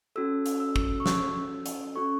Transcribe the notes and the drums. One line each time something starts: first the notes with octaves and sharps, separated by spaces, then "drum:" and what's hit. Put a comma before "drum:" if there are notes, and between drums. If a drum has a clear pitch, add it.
C#4 F#4 A4 E6
drum: hi-hat
E6
drum: kick
C#6
E6, drum: snare
drum: hi-hat
C#4 F#4 A4 C#6